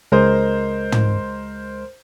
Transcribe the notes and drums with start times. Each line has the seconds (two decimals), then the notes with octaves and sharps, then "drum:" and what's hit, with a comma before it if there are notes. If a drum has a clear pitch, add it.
0.12 C#2 G#3 A#4 C5 D#5
0.92 drum: tom